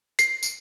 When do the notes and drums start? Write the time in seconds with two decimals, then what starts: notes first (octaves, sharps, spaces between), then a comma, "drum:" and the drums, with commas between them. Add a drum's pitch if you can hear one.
0.19 C7, drum: tambourine
0.43 drum: tambourine